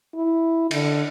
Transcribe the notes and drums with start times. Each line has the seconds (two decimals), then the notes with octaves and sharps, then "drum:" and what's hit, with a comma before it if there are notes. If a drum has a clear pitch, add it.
0.15 E4
0.71 D3, drum: cymbal